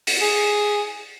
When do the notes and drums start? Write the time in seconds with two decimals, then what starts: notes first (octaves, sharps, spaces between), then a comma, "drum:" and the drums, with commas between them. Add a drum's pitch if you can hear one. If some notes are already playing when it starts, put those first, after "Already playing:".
0.07 drum: open hi-hat
0.21 G#4